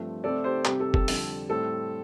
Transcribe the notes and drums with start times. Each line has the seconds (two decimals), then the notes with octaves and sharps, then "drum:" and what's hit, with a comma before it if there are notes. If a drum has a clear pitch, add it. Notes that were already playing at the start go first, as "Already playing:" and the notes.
Already playing: G2 F3 A3 C4
0.24 C3 A3 C4 A4 D5
0.44 G4 C5
0.65 C3 G3 C4 G4, drum: clap
0.80 A4
0.94 A4, drum: kick
1.08 F2 D3 G3, drum: open hi-hat
1.49 A2 G3 C4 A4